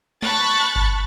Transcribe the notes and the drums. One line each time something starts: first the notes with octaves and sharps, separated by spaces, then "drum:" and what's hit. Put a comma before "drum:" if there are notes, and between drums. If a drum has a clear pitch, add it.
A5 B5 C#6 F#6 A6, drum: snare
drum: kick G1